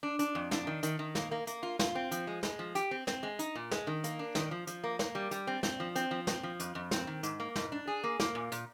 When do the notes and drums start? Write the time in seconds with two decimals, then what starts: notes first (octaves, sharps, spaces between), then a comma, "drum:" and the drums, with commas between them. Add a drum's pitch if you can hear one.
0.03 D4
0.19 D4, drum: hi-hat
0.35 F2
0.51 D4, drum: snare
0.67 D#3
0.83 D#3, drum: hi-hat
0.99 D#3
1.15 A#3, drum: snare
1.31 A#3
1.47 A#3, drum: hi-hat
1.63 F4
1.79 F4, drum: snare
1.95 C4
2.11 F3, drum: hi-hat
2.27 G#3
2.43 G#3, drum: snare
2.59 F3
2.75 G4, drum: hi-hat
2.91 C4
3.07 C4, drum: snare
3.23 G#3
3.39 D#4, drum: hi-hat
3.55 A#2
3.71 G#3, drum: snare
3.87 D#3
4.04 A#3, drum: hi-hat
4.19 D4
4.35 D#3, drum: snare
4.51 F3
4.67 F3, drum: hi-hat
4.84 A#3
4.99 A#3, drum: snare
5.15 G3
5.31 G3, drum: hi-hat
5.47 C4
5.63 C4, drum: snare
5.80 F3
5.96 C4, drum: hi-hat
6.11 F3
6.27 C4, drum: snare
6.43 F3
6.60 F2, drum: hi-hat
6.75 F2
6.91 C4, drum: snare
7.07 D#3
7.23 G#2, drum: hi-hat
7.40 A#3
7.56 G#2, drum: snare
7.72 D4
7.87 G#4
8.04 A#3
8.20 A#3, drum: snare
8.35 A#2
8.52 A#2, drum: hi-hat